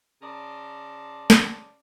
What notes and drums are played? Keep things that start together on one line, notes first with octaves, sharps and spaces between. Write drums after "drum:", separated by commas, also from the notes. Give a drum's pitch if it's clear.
C#3 D5 A5 A#5 C6
drum: snare